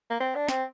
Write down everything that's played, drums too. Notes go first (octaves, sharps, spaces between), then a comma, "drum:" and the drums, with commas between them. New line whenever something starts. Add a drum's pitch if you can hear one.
A#3
C4
D4
C4, drum: snare